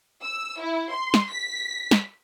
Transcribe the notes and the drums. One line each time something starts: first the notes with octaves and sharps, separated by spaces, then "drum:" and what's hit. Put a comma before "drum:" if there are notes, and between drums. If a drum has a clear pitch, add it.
E6
E4
C6
drum: snare
B6
drum: snare